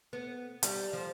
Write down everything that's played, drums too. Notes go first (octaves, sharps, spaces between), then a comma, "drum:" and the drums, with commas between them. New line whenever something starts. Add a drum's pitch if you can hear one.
B3
G3, drum: hi-hat
F3